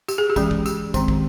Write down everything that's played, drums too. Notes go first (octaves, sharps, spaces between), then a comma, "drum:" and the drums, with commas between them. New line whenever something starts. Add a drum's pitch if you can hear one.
G4, drum: tambourine
G#4
G4
E3 G#3 C#4, drum: kick, tambourine
drum: kick
G4, drum: tambourine
D#3 G#3 C4, drum: kick, tambourine
drum: kick